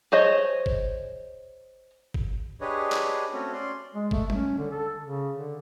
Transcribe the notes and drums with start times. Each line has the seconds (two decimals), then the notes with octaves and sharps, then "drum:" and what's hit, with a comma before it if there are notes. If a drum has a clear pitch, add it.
0.12 G#4 C5 C#5 D#5
0.66 drum: kick G1
2.14 drum: kick G1
2.61 D4 G4 G#4 B4 C#5 D#5
2.92 drum: clap
3.33 A3 C4 C#4 F#4 A4 C#5
3.53 C#4 D5 C6
3.94 G#3
4.11 A3, drum: kick G1
4.30 C#4, drum: tom G3
4.58 D3
4.71 A4
5.04 C#3
5.35 D3